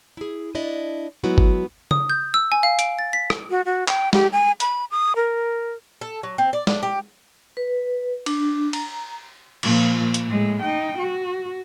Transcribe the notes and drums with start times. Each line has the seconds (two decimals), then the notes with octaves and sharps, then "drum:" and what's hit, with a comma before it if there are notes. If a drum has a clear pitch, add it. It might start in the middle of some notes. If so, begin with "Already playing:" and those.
0.17 E4 G#4
0.55 D4 E4 D5 D#5
1.24 F#3 G#3 B3 E4 F#4
1.38 drum: kick
1.91 D#6, drum: tom C#3
2.10 G6
2.34 E6
2.52 G#5
2.63 F5
2.79 D7, drum: hi-hat
2.99 A6
3.13 B6
3.30 drum: rim click
3.50 F#4
3.65 F#4
3.88 G5, drum: clap
4.13 G4, drum: snare
4.32 G#5
4.60 B5, drum: hi-hat
4.91 D#6
5.16 A#4
6.01 A4
6.23 F#3
6.38 C4
6.53 D5
6.67 D4, drum: snare
6.83 G4
7.57 B4
8.26 D4, drum: cymbal
8.73 A#5, drum: cymbal
9.63 A#2 F3, drum: cymbal
10.14 drum: hi-hat
10.26 A2 G#3
10.62 D#4 G5
10.98 F#4